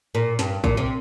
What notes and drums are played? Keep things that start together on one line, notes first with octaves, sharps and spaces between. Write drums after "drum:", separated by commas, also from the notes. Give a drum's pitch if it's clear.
A#2
G2, drum: snare
A#2, drum: kick A#1
C3